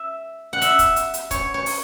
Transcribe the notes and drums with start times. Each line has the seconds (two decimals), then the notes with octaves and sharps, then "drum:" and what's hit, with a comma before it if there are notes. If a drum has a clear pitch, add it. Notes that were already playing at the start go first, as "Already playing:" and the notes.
Already playing: E5
0.53 F#5
0.62 E5, drum: hi-hat
0.79 drum: kick, hi-hat
0.96 drum: hi-hat
1.14 drum: hi-hat
1.31 C#5, drum: kick, hi-hat
1.54 C#5
1.66 drum: open hi-hat